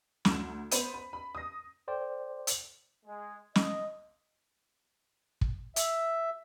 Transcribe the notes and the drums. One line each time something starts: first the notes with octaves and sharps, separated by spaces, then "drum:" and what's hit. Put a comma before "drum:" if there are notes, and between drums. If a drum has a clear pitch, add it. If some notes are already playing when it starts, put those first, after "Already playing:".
D2 E7, drum: snare
B3 C5 B5 D#7, drum: hi-hat
B5
B5
D#6 A#6
A4 C5 D5 G5
drum: hi-hat
G#3
D#5, drum: snare
drum: kick
E5, drum: hi-hat